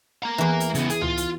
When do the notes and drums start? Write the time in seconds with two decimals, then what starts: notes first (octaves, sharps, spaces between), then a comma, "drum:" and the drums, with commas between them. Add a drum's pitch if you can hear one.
0.23 A#3 A#5
0.38 E2 E3
0.60 drum: hi-hat
0.75 C#3 B3, drum: hi-hat
0.90 G#4, drum: hi-hat
1.02 F4, drum: tom C#2
1.17 drum: hi-hat